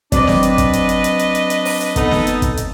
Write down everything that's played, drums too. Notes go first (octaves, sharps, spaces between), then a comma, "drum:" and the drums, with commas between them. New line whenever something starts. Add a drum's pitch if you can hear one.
F#3 C4 D4 B4 D5 D#5, drum: kick, hi-hat
drum: snare
drum: hi-hat
drum: kick, hi-hat
drum: hi-hat
drum: hi-hat
drum: hi-hat
drum: hi-hat
drum: hi-hat
drum: hi-hat
drum: open hi-hat
drum: hi-hat
B3 D#4 A4, drum: kick, hi-hat
drum: snare
drum: hi-hat
drum: kick, hi-hat
drum: hi-hat